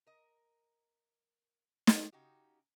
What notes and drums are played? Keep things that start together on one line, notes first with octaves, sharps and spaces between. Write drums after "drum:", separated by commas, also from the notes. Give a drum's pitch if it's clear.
A#4 D#5
drum: snare
C#3 D#4 F#4 G4